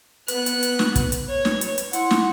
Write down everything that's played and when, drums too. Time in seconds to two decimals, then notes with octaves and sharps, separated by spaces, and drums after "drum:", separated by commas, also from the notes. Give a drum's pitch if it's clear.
0.28 B3 B4 F#6, drum: hi-hat
0.46 drum: hi-hat
0.63 drum: hi-hat
0.79 drum: snare
0.96 drum: kick, hi-hat
1.12 drum: hi-hat
1.28 C#5
1.45 drum: snare
1.61 drum: hi-hat
1.78 drum: hi-hat
1.93 E4 F#5 C6, drum: hi-hat
2.11 drum: snare